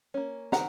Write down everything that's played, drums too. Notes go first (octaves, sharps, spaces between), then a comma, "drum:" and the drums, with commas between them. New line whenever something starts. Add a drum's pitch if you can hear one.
A#3 C#4
D#3 F#5 A#5, drum: snare